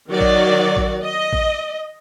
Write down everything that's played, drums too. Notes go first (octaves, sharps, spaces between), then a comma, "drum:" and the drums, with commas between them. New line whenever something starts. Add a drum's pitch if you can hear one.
D#3 F#3 F#4 D5
drum: kick A1
drum: kick A1
D#5
drum: kick A1